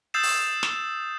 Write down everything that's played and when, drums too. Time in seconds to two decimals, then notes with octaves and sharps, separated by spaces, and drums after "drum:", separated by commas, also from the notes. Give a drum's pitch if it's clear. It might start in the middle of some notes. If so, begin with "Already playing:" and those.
0.14 D#6 E6 G6 A6 C7 E7
0.23 drum: open hi-hat
0.63 drum: snare